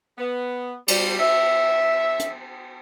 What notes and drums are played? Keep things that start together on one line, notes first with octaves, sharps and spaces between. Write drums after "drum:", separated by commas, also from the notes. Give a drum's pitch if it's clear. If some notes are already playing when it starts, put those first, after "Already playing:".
B3
G3, drum: cymbal
E5
drum: hi-hat